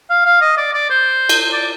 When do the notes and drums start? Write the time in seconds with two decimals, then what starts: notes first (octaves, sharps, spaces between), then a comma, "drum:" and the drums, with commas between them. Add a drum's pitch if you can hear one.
0.10 F5
0.25 F5
0.42 D#5
0.57 D5
0.73 D5
0.90 C5
1.29 drum: cymbal
1.53 D5